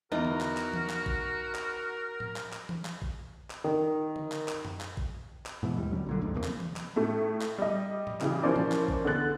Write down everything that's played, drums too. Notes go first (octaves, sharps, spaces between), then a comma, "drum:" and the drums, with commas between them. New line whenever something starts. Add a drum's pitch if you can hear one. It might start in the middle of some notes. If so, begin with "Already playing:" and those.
E2 D#4 F#4 A#4
drum: tom D3
drum: clap
drum: clap
drum: tom
drum: clap
drum: kick A1
drum: clap
drum: tom A2
drum: clap
drum: clap
drum: tom
drum: clap
drum: kick A1
drum: clap
D#3
drum: tom D3
drum: clap
drum: clap
drum: tom F#2
drum: clap
drum: kick A1
drum: clap
G#2 B2 E3
D#2 G#2 G3
D3 F#3 G3 C#4
A#1 A#2 D3
G1 C2 F2 G#2
E2 C3 G#3 A#3
drum: clap
drum: tom
drum: clap
A2 A3
drum: clap
G3 D#5
drum: tom A2
C#3 E3 G4, drum: clap
E3 F3 A#3 C#4 C5 D5
drum: tom A2
drum: clap
drum: kick A1
D3 B3 G#4 F#6 A6